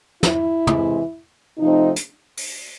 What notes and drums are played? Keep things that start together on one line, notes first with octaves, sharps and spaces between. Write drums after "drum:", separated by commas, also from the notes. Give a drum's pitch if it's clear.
E4, drum: snare
C3 E3 G#3, drum: tom
C3 F3 A3 C4 D#4
drum: hi-hat
drum: open hi-hat